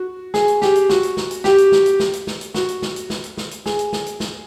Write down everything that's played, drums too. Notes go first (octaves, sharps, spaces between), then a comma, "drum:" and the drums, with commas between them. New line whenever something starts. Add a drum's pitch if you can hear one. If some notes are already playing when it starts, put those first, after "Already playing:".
Already playing: F#4
G#4, drum: snare
drum: hi-hat
G4, drum: snare
drum: hi-hat
F#4, drum: snare
drum: hi-hat
drum: snare
drum: hi-hat
G4, drum: snare
drum: hi-hat
drum: snare
drum: hi-hat
drum: snare
drum: hi-hat
drum: snare
drum: hi-hat
F#4, drum: snare
drum: hi-hat
drum: snare
drum: hi-hat
drum: snare
drum: hi-hat
drum: snare
drum: hi-hat
G#4, drum: snare
drum: hi-hat
drum: snare
drum: hi-hat
drum: snare